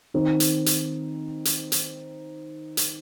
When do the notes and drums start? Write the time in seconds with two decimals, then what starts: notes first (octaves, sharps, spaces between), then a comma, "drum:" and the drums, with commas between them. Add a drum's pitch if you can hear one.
0.14 D#3 C4 D#4
0.40 drum: hi-hat
0.66 drum: hi-hat
1.45 drum: hi-hat
1.72 drum: hi-hat
2.77 drum: hi-hat